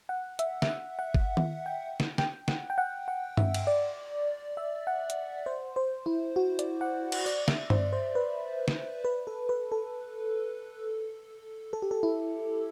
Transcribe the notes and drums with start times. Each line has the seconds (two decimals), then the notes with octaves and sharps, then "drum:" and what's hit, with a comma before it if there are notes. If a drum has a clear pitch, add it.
0.09 F#5
0.39 E5, drum: hi-hat
0.62 E5, drum: snare
0.69 F#5
0.99 F#5
1.15 drum: kick G1
1.37 drum: tom D#3
1.66 G5
2.00 drum: snare
2.18 G5, drum: snare
2.48 F#5, drum: snare
2.70 G5
2.78 F#5
3.08 F#5
3.37 E5, drum: tom G2
3.54 drum: cymbal
3.67 D5
4.57 E5
4.87 F#5
5.10 drum: hi-hat
5.46 C5
5.76 C5
6.06 E4
6.36 F#4
6.59 D5, drum: hi-hat
6.81 F#5
7.12 drum: cymbal
7.26 D5, drum: tambourine
7.48 E5, drum: snare
7.70 C5, drum: tom G2
7.93 C5
8.15 B4
8.68 drum: snare
9.05 B4
9.27 A4
9.49 B4
9.72 A4
11.73 A4
11.82 G4
11.91 A4
12.03 E4